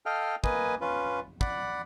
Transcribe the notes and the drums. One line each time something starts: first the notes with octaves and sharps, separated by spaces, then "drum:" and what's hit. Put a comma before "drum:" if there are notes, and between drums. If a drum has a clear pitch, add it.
A4 D#5 F5 G5 F6
A#3 B4 D#5 G#5, drum: kick
C#4 F4 B4
D5 F#5 B5, drum: kick